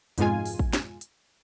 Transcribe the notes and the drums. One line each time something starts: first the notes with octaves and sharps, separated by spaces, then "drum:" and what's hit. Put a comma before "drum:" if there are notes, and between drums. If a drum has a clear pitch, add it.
F2 G#2 B2 G#3 F4 G#5, drum: hi-hat
drum: open hi-hat
drum: kick
drum: snare
drum: hi-hat